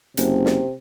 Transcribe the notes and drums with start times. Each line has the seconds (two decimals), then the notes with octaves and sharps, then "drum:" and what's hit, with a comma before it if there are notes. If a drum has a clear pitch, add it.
0.17 F#1 C3, drum: hi-hat
0.46 drum: snare